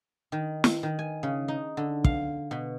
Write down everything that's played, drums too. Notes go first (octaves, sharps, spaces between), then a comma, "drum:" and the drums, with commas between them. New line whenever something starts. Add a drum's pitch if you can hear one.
D#3
drum: snare
D#3
G#5
C#3
D#4
D3
F5, drum: kick
B2